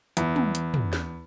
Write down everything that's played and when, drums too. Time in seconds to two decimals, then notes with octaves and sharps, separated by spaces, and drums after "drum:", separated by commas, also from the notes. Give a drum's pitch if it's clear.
0.17 E2, drum: hi-hat
0.36 drum: tom
0.55 drum: hi-hat
0.74 drum: tom
0.93 drum: snare